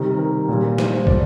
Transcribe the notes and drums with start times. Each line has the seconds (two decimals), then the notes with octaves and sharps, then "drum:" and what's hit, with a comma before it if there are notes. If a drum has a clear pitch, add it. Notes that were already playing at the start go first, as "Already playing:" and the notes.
Already playing: C3 D#3 G3
0.18 A#4
0.48 A#2
0.53 G3
0.78 C5, drum: snare
1.07 F3 D5, drum: kick